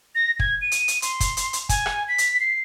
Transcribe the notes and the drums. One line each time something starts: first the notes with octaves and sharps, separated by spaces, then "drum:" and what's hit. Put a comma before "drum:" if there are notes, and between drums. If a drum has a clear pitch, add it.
A#6
G#6, drum: kick
D#7
drum: hi-hat
drum: hi-hat
C6, drum: hi-hat
drum: kick, hi-hat
drum: hi-hat
drum: hi-hat
G#5, drum: kick, hi-hat
drum: rim click
B6
drum: hi-hat
C7